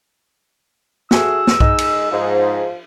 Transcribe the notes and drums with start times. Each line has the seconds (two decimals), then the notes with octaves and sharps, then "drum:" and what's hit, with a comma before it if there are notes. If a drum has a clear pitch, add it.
1.11 A3 F#4 G#4 E6, drum: snare
1.47 drum: snare
1.60 G#3 D#4, drum: kick B1
1.78 drum: cymbal
2.11 G#2 F3